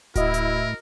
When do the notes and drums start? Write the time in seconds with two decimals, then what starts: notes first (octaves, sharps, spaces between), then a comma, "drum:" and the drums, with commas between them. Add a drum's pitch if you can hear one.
0.15 A2 E4 F#4 A#4 D#5, drum: kick D1, hi-hat
0.34 drum: hi-hat